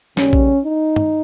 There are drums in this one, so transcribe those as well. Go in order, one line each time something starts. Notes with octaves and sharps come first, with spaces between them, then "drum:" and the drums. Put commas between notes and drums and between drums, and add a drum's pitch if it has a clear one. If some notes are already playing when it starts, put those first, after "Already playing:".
D#2 C#3 G3 C#4, drum: snare
drum: kick A#1
D#4
drum: tom